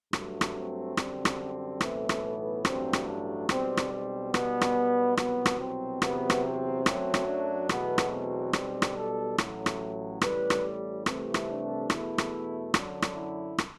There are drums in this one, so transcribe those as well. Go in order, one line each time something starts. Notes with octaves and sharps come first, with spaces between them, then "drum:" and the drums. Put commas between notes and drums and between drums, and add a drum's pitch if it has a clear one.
G2 F#3 A3, drum: rim click
drum: rim click
C4
F#2 D3 G3, drum: rim click
drum: rim click
B1 A2 E3 A3, drum: rim click
drum: rim click
B3
A1 G2 F#3 A3 C4, drum: rim click
drum: rim click
D4
B1 B2 G3 C4, drum: rim click
drum: rim click
C4
B1 B2 G3 B3, drum: rim click
drum: rim click
C2 B2 F#3 B3, drum: rim click
drum: rim click
C4
E2 C3 F#3 B3, drum: rim click
drum: rim click
C4
F#2 F#3 A3, drum: rim click
drum: rim click
D4
E2 B2 F#3 A3 B3, drum: rim click
drum: rim click
C4
B1 B2 G3, drum: rim click
drum: rim click
A4
A1 A2 F#3, drum: rim click
drum: rim click
A1 A2 G3 B4, drum: rim click
drum: rim click
C2 C3 E3 A3, drum: rim click
drum: rim click
D4
E2 B2 A3 E4, drum: rim click
drum: rim click
F#2 D3 F#3, drum: rim click
drum: rim click
E4
drum: rim click